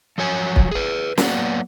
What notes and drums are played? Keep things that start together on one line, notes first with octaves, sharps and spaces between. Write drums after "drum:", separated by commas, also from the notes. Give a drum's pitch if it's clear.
F3 F#3 C#5 G#5
drum: kick
G#4 B4
F#3 A#3 B3 F#4 D5, drum: snare